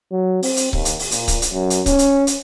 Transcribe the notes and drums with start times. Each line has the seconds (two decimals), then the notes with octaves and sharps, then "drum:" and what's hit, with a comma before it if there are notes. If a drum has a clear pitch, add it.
0.11 F#3
0.43 C4, drum: open hi-hat
0.57 drum: hi-hat
0.73 D#2, drum: kick C#1
0.85 drum: hi-hat
0.99 drum: open hi-hat
1.11 A#2, drum: hi-hat
1.28 drum: kick C#1, hi-hat
1.42 drum: hi-hat
1.52 F#2
1.70 drum: hi-hat
1.86 C#4, drum: kick C#1, hi-hat
1.99 drum: hi-hat
2.27 drum: hi-hat